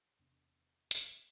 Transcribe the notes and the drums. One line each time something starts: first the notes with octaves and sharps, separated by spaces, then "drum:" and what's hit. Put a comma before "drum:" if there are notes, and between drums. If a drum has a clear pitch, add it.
E2 C3 B3 D4
drum: hi-hat